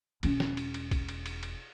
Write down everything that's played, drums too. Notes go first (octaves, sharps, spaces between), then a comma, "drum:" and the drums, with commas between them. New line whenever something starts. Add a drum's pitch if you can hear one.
E1 C#4, drum: cymbal
drum: snare
drum: cymbal
drum: cymbal
drum: kick, cymbal
drum: cymbal
drum: cymbal
drum: cymbal